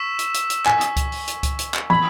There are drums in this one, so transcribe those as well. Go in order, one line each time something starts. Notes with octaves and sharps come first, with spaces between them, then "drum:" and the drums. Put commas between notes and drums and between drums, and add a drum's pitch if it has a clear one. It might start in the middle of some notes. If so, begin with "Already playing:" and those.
Already playing: C#6 E6 B6 E7
drum: hi-hat
drum: hi-hat
drum: hi-hat
G#5 E6 B6 E7, drum: clap
drum: hi-hat
drum: kick C#2, hi-hat
drum: open hi-hat
drum: hi-hat
drum: kick C#2, hi-hat
drum: hi-hat
drum: clap
B5 G#6 B6 F#7, drum: tom